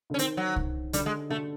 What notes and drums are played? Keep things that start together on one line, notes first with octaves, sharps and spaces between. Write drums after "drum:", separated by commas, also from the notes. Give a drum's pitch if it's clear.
D3
C#4
D#3 C4, drum: hi-hat
F#3
drum: kick C2
D3 G3, drum: hi-hat
G#3
D3 A3